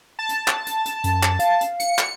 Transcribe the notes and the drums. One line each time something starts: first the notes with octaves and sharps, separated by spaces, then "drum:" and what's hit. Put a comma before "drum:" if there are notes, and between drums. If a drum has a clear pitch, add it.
A5
drum: hi-hat
drum: clap
drum: hi-hat
drum: hi-hat
F#2, drum: hi-hat
drum: clap
F5, drum: hi-hat
drum: hi-hat
C#7, drum: hi-hat
drum: clap